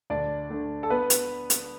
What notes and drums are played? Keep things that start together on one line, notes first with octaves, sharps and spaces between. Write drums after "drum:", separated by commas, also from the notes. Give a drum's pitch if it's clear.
D2 D4 D5
D3 A3
A4
B3 B4
drum: hi-hat
drum: hi-hat